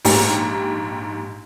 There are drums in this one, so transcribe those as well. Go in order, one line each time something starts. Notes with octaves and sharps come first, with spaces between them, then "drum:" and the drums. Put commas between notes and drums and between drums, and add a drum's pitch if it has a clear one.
A#1 G#2 G4, drum: open hi-hat